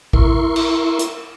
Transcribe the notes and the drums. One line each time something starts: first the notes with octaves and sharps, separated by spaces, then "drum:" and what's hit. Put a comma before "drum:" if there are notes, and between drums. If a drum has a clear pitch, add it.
E4 A#4 C6 C#6, drum: kick A1
drum: cymbal
drum: hi-hat